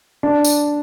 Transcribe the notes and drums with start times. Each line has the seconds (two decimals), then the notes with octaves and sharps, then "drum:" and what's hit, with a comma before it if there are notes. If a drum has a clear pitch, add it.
0.23 D4
0.45 drum: tambourine